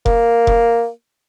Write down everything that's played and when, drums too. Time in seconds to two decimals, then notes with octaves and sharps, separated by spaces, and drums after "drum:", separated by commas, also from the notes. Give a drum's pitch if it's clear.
0.06 A#3, drum: kick F1
0.47 drum: kick F1